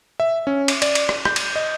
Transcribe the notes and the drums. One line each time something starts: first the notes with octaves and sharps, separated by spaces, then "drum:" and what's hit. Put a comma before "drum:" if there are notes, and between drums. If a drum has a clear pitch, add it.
E5
C#4
drum: cymbal
D5, drum: cymbal
drum: cymbal
drum: rim click
G6, drum: rim click
drum: cymbal
D#5